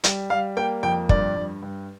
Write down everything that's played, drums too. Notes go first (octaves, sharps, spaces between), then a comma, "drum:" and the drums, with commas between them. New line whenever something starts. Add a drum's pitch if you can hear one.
G3, drum: hi-hat
G3 F5
A#3 G5
F2 G5
G2 D5, drum: kick
G2
G2